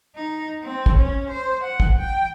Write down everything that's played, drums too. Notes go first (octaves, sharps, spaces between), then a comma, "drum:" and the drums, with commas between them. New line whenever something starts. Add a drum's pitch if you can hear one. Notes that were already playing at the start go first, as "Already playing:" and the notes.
D#4
C4
drum: kick
C#4
C5
F#5
drum: kick
G5